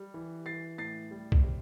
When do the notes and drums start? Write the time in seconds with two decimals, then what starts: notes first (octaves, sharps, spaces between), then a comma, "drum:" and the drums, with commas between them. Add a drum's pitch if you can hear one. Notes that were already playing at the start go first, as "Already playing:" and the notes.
Already playing: G3
0.14 E3
0.46 E3 A6 C7
0.78 A2 A6 C7
1.11 G3
1.32 drum: kick B1
1.43 C3